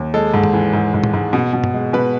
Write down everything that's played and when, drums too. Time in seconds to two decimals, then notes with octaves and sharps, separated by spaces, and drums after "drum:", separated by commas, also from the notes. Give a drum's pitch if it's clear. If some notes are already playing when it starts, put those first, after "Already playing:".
Already playing: D#2
0.14 G#3 A4
0.34 G#2
0.43 drum: tom G2
0.53 E3
0.73 G#2
0.94 G#2
1.04 drum: tom
1.14 G#2
1.33 B2
1.53 B2
1.64 drum: tom G2
1.74 G#3
1.93 B2 B4